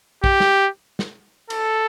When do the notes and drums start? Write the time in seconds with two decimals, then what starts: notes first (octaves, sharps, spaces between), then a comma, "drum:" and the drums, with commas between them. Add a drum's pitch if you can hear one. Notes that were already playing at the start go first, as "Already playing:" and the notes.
0.24 G4, drum: kick
0.40 drum: snare
0.99 drum: snare
1.50 A4, drum: cymbal